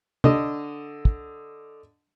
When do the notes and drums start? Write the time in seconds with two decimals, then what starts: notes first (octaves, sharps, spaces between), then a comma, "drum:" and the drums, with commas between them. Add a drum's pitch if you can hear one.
0.24 D3 D#5, drum: tom
1.05 drum: kick